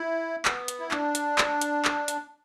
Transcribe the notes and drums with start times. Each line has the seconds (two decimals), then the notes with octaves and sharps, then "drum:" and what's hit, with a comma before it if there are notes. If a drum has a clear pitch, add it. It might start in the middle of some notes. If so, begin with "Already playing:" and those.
Already playing: E4
0.45 B3, drum: clap
0.68 drum: hi-hat
0.80 E4
0.91 D4, drum: clap
1.15 drum: hi-hat
1.38 drum: clap
1.61 drum: hi-hat
1.85 drum: clap
2.08 drum: hi-hat